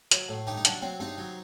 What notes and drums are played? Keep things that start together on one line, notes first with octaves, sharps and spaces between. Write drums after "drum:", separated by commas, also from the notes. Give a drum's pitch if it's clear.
F#3, drum: hi-hat
A2
G2 D#4 G4
D#4
F#3 D4, drum: hi-hat
F#3 C4
G2 C4 D#4
F#3